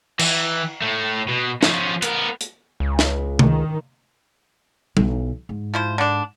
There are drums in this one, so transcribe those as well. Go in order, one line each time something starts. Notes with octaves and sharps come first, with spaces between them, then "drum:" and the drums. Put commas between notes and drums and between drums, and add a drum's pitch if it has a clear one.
E3, drum: cymbal
A2 A3
B2
F3 C#4, drum: snare
B3 A#4, drum: hi-hat
drum: hi-hat
C#2
drum: snare
D#3, drum: tom C3
B1 E3, drum: tom G3
G#2
F3 E4 C5
D3 D4